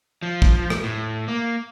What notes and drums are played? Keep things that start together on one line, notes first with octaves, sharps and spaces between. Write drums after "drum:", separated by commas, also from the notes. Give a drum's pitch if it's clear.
F3
drum: kick
drum: rim click
A2
A#3